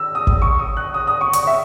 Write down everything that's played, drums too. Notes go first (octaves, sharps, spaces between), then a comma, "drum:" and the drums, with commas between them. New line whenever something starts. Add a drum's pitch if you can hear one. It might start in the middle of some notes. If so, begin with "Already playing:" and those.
Already playing: E6
D#6
drum: kick
C#6
D#6
F#6
D#6
D#6
C#6
C#6, drum: hi-hat
E5